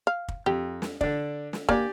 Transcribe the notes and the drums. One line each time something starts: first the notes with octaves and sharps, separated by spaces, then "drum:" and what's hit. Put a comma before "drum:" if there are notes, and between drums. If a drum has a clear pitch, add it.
F5
drum: kick
F2 G4
drum: snare
D3 D4, drum: kick
drum: snare
A#3 G4 D5 G#5, drum: kick